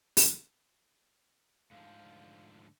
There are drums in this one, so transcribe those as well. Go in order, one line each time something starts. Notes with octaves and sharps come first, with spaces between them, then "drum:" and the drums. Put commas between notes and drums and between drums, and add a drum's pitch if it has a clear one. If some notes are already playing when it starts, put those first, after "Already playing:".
drum: open hi-hat
D2 G#2 D3 F3 F5